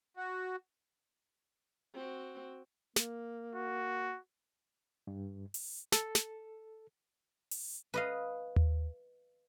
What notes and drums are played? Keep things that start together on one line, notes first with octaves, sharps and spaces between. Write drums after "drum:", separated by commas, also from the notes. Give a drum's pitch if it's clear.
F#4
C4 F#4
A#3, drum: snare
F#4
G2
drum: open hi-hat
A4, drum: snare
drum: snare
drum: open hi-hat
B4 D#5 F5
drum: tom D#2